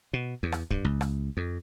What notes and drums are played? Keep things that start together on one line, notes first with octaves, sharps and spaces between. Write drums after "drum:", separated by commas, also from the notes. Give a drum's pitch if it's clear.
B2
E2
drum: rim click
G2, drum: kick
C#2
drum: rim click
F2